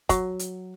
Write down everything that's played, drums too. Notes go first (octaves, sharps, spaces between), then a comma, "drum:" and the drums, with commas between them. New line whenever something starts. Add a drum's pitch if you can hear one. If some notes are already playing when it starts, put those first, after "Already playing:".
F#3, drum: kick, hi-hat
drum: hi-hat